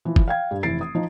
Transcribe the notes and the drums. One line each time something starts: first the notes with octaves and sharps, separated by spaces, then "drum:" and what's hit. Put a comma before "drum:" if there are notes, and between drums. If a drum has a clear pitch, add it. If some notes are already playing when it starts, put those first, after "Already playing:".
E3 F3
drum: kick
F5 G5 G#6
G2
F1 E3 E4 A6 C7 D7
D#6
F3 D#4